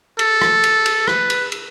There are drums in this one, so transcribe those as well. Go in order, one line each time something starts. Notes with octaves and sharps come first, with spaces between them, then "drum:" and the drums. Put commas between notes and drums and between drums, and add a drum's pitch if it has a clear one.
A4, drum: cymbal
drum: rim click
drum: cymbal
drum: cymbal
B4, drum: rim click
drum: cymbal
drum: cymbal